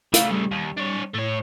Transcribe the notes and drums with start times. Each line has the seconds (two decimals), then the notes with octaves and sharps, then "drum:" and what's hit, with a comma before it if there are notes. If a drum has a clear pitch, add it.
0.14 C#3 A3 F5, drum: hi-hat
0.31 G3
0.51 D#2
0.77 D4 C#5
1.14 A2 A3 C#5